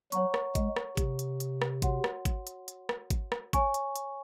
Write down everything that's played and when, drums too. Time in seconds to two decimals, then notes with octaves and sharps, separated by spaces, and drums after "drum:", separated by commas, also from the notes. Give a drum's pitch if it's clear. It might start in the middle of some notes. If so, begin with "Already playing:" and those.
0.12 F#3 C#5 F#5 A#5 C#6, drum: hi-hat
0.34 drum: rim click
0.55 G#3, drum: kick G#1, hi-hat
0.76 drum: rim click
0.97 C3, drum: kick G#1, hi-hat
1.19 drum: hi-hat
1.40 drum: hi-hat
1.62 drum: rim click
1.82 F#4 C#5 F#5 C6, drum: kick G#1, hi-hat
2.04 drum: rim click
2.25 drum: kick G#1, hi-hat
2.47 drum: hi-hat
2.68 drum: hi-hat
2.89 drum: rim click
3.10 drum: kick G#1, hi-hat
3.32 drum: rim click
3.53 C#5 G#5 C#6, drum: kick G#1, hi-hat
3.74 drum: hi-hat
3.96 drum: hi-hat